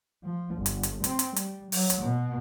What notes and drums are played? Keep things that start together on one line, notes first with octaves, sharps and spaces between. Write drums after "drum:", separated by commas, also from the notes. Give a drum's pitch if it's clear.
F3
G1
drum: hi-hat
drum: hi-hat
C4, drum: hi-hat
drum: hi-hat
G3, drum: hi-hat
F#3, drum: open hi-hat
drum: hi-hat
B2